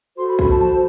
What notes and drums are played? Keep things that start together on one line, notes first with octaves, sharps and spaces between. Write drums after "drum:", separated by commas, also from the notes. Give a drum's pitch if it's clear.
F#4 A4 C5 C6
B5
B5, drum: kick
A5
A5, drum: tom E3